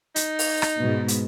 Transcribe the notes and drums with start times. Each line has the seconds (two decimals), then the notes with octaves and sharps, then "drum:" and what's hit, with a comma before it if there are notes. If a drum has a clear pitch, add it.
0.16 D#4, drum: hi-hat
0.39 drum: open hi-hat
0.62 drum: rim click
0.80 G#2 B2
1.08 drum: hi-hat